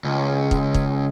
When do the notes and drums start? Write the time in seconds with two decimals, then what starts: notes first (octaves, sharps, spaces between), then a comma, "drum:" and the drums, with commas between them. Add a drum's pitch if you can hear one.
0.04 C#2
0.51 drum: kick
0.74 drum: kick